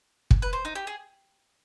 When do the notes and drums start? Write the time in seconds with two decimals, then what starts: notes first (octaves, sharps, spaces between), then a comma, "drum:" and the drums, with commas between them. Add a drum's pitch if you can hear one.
0.31 drum: kick
0.42 B4
0.53 C5
0.65 D#4
0.75 G4
0.87 G#4